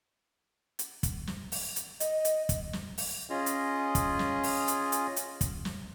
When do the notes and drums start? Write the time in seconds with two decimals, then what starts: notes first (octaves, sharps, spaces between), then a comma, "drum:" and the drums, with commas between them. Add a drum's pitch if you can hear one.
0.79 drum: hi-hat
1.03 drum: kick, hi-hat
1.27 drum: snare
1.52 drum: open hi-hat
1.76 drum: hi-hat
2.00 D#5, drum: hi-hat
2.25 drum: hi-hat
2.49 drum: kick, hi-hat
2.73 drum: snare
2.98 drum: open hi-hat
3.30 C#4 F4 G#4 D#5
3.46 drum: hi-hat
3.95 drum: kick, hi-hat
4.19 drum: snare
4.43 drum: open hi-hat
4.68 drum: hi-hat
4.92 drum: hi-hat
5.16 drum: hi-hat
5.41 drum: kick, hi-hat
5.65 drum: snare